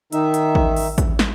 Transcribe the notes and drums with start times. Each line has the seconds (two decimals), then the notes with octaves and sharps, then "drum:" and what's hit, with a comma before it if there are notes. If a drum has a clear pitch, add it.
0.13 D#3 D#4 E5, drum: hi-hat
0.34 drum: hi-hat
0.55 drum: kick A1
0.77 drum: open hi-hat
0.98 drum: kick A1, hi-hat
1.19 drum: snare